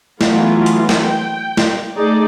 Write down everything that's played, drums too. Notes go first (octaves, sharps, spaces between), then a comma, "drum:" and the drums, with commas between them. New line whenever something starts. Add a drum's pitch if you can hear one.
E3 F#3 A3 B3 F4, drum: snare
drum: hi-hat
drum: snare
G5
drum: snare
A3 D#4 G#4 D5